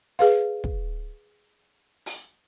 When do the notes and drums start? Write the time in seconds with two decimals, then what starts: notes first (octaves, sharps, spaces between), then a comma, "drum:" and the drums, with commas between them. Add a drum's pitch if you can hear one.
0.19 G#4 B4 F5
0.64 drum: kick
2.06 drum: open hi-hat